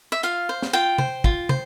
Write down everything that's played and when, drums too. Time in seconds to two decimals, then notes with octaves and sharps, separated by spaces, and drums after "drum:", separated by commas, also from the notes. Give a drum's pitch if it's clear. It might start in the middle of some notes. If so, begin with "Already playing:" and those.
0.12 E5
0.23 F4 F5, drum: hi-hat
0.49 C5
0.62 drum: snare
0.73 F4 G5
0.98 C5, drum: tom
1.24 F4, drum: kick
1.49 C5, drum: tom